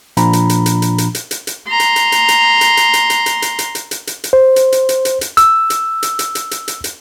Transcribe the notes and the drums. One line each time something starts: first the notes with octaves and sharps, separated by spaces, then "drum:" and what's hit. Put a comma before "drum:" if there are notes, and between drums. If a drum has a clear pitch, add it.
A#2 F3 D4 A#5 B5, drum: hi-hat
drum: hi-hat
drum: hi-hat
drum: hi-hat
drum: hi-hat
drum: hi-hat
drum: hi-hat
drum: hi-hat
drum: hi-hat
A#5 C6
drum: hi-hat
drum: hi-hat
drum: hi-hat
drum: hi-hat
drum: hi-hat
drum: hi-hat
drum: hi-hat
drum: hi-hat
drum: hi-hat
drum: hi-hat
drum: hi-hat
drum: hi-hat
drum: hi-hat
drum: hi-hat
drum: hi-hat
C5
drum: hi-hat
drum: hi-hat
drum: hi-hat
drum: hi-hat
drum: hi-hat
E6, drum: hi-hat
drum: hi-hat
drum: hi-hat
drum: hi-hat
drum: hi-hat
drum: hi-hat
drum: hi-hat
drum: hi-hat